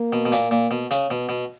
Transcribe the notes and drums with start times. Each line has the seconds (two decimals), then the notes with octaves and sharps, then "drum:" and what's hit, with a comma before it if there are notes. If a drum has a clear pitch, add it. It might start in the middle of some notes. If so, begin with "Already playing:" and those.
Already playing: A#3
0.13 B2
0.25 B2
0.32 A#2, drum: hi-hat
0.51 A#2
0.71 B2
0.91 C#3, drum: hi-hat
1.10 B2 B3
1.29 B2